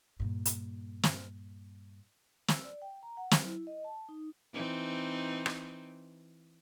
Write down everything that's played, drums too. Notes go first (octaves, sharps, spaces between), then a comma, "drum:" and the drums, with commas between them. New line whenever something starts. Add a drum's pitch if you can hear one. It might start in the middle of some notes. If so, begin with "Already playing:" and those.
G2 A#2
drum: hi-hat
drum: snare
E6, drum: snare
D5
G5
A#5
F#5
F#3, drum: snare
E4
D#5
A5
D#4
E3 C4 D#4
drum: rim click